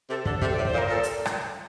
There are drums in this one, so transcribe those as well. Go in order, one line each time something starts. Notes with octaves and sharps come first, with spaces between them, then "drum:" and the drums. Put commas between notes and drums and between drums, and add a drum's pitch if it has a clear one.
C3 A4
D3 A4, drum: kick
C3, drum: kick
D5
A2
C5, drum: kick
A#2
A#4
A#2 A4
drum: hi-hat
drum: rim click